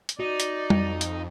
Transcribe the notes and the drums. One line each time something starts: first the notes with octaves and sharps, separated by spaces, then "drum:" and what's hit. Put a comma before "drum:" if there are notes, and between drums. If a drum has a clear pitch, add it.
drum: hi-hat
D#4 F#4 D5
drum: hi-hat
F2, drum: tom G3
drum: hi-hat